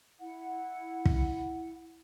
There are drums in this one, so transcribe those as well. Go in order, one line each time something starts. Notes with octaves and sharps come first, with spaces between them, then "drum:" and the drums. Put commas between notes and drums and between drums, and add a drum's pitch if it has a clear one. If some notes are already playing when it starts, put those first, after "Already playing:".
E4 F#5
drum: kick